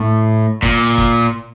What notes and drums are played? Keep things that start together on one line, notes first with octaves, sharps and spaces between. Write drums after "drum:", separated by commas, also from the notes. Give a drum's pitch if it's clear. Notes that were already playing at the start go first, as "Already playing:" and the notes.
Already playing: A2
A#2, drum: kick, hi-hat
drum: kick, hi-hat